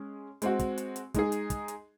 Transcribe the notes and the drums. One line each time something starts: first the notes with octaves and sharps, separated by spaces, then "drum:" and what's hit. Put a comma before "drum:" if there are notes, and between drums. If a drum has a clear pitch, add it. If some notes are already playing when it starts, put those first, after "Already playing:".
Already playing: G#3 C#4 G#4
G#3 C4 F#4, drum: hi-hat
drum: kick, hi-hat
drum: hi-hat
drum: hi-hat
G#3 D#4 G#4, drum: kick, hi-hat
drum: hi-hat
drum: kick, hi-hat
drum: hi-hat